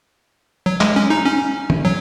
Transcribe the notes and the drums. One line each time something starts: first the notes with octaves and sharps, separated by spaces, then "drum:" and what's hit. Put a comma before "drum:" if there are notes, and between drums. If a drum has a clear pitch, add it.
F#3
G#3, drum: clap
C#4
D#4
C#4
drum: tom
F#3